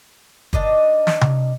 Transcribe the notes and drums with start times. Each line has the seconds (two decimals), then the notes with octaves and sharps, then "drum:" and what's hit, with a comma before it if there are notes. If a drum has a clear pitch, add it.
0.53 D#3 D4 D#5 A5, drum: kick
1.07 drum: snare
1.21 drum: tom C3